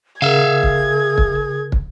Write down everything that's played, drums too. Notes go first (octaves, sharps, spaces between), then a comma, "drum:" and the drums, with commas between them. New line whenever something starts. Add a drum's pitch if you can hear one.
C#3 G#4 A#4 E5 F5 G#6
drum: kick
drum: kick
drum: kick